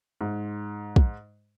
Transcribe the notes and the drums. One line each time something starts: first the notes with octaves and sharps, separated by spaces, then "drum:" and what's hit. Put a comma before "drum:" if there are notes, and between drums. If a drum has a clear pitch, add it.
G#2
drum: kick